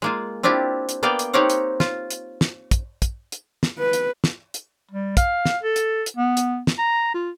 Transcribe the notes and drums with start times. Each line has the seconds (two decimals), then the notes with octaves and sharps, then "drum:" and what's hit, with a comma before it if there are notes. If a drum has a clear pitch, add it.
0.02 G#3 A#3 F4
0.43 C4 D4 E4 F4 G4
0.89 drum: hi-hat
1.03 A#3 B3 D5 F5 G5
1.19 drum: hi-hat
1.33 C4 D#4 G4 C#5 F5 F#5
1.50 drum: hi-hat
1.80 F4, drum: snare
2.11 drum: hi-hat
2.41 drum: snare
2.71 drum: kick, hi-hat
3.02 drum: kick, hi-hat
3.32 drum: hi-hat
3.63 drum: snare
3.79 B4
3.93 drum: hi-hat
4.24 drum: snare
4.54 drum: hi-hat
4.91 G3
5.17 F5, drum: kick, hi-hat
5.45 drum: snare
5.63 A4
5.76 drum: hi-hat
6.06 drum: hi-hat
6.17 B3
6.37 drum: hi-hat
6.67 drum: snare
6.78 A#5
7.14 F4